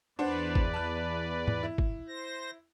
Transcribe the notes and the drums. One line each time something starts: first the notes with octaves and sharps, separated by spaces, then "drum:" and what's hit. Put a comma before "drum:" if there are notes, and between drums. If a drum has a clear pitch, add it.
E2 D4 B4 C5 D5 F#5
drum: kick
A5 F#6
drum: tom
E4
drum: kick
C5 A#6